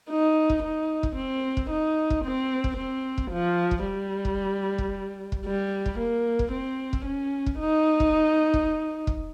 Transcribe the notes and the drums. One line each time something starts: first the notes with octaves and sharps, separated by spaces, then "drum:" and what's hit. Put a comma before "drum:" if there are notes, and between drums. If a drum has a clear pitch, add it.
D#4
drum: kick
D#4
drum: kick
C4
drum: kick
D#4
drum: kick
C4
drum: kick
C4
drum: kick
F3
drum: kick
G3
drum: kick
drum: kick
drum: kick
G3
drum: kick
A#3
drum: kick
C4
drum: kick
C#4
drum: kick
D#4
drum: kick
drum: kick
drum: kick